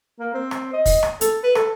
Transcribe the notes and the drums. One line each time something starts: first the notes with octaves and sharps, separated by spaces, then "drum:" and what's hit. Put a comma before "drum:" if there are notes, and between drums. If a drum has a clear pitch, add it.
A#3
C4
drum: rim click
D#5
drum: kick, open hi-hat
drum: rim click
A4, drum: hi-hat
B4
A4, drum: rim click